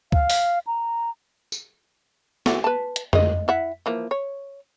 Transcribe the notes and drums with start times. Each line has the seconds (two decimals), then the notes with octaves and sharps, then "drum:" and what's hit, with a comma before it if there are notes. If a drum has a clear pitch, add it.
0.12 F5, drum: kick C#2
0.30 drum: open hi-hat
0.67 A#5
1.52 drum: tambourine
2.46 E3 A3 F#4, drum: snare
2.64 B4 A5
2.96 drum: hi-hat
3.13 G#3 D#5, drum: tom F2
3.48 E4 E5 F#5
3.86 E3 F3 A#3
4.11 C#5